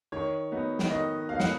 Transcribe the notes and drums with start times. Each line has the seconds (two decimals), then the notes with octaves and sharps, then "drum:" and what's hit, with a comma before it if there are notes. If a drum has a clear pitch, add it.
0.12 D#3 C#5
0.52 F#3 B3 D#4
0.79 drum: snare
0.90 D#3 D#5
1.29 F#3 B3 D#4 F5
1.40 F#5, drum: snare